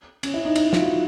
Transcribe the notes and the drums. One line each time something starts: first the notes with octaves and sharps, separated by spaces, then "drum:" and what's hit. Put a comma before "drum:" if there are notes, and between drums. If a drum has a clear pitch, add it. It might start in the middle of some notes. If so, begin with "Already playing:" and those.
C#4, drum: cymbal
E4
D#4
D#4, drum: cymbal
E4
F4, drum: snare
F#4